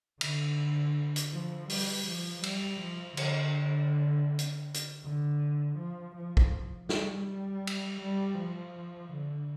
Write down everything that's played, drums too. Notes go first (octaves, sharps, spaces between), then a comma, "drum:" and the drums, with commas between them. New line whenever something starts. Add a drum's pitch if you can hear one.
D3, drum: cymbal
drum: hi-hat
F3
G3, drum: open hi-hat
F3
G3, drum: cymbal
F3
D3, drum: cymbal
drum: hi-hat
drum: hi-hat
D3
F3
F3
drum: kick B1
G3, drum: snare
drum: cymbal
G3
F3
D3